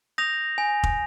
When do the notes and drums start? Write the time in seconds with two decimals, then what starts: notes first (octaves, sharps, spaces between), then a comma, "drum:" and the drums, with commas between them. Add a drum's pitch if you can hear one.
0.18 D#6 G6 A#6 F7
0.58 G#5
0.83 drum: kick F1